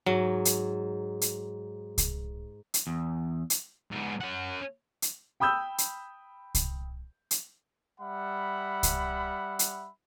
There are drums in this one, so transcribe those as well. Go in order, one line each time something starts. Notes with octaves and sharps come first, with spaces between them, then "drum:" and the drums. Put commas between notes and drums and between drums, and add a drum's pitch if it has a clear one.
G#2 F#3
drum: hi-hat
drum: hi-hat
drum: kick C2, hi-hat
drum: hi-hat
E2
drum: hi-hat
G#2 B3
C#4 F#5
drum: hi-hat
G5 B5 D#6 E6 G6
drum: hi-hat
drum: kick C2, hi-hat
drum: hi-hat
G3 E5 F#5 B5
drum: kick C2, hi-hat
drum: hi-hat